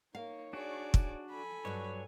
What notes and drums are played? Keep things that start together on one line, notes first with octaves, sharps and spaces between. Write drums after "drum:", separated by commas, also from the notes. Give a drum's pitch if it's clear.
A#3 D#4 C#5 F5
D4 F#4 G#4 D5
drum: kick
A4 G#5 B5
G2 F#3 C#5